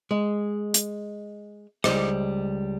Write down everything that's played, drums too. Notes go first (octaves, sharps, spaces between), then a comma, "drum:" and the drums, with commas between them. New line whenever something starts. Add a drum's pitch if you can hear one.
G#3
drum: hi-hat
C#2 G2 G3 C5 D#5, drum: rim click